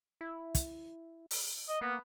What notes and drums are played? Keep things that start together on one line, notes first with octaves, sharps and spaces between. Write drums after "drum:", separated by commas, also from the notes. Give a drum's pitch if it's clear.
E4
drum: kick, hi-hat
drum: open hi-hat
D#5
A#3 B3